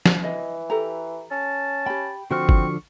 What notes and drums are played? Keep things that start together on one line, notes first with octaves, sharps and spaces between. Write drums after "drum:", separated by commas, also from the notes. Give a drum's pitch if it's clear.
drum: snare
E3 D#5
G4 A4 A#5
C#4 A5
G4 G5 B5
D3 F3 C4 F#4 C#6 F6
drum: kick G1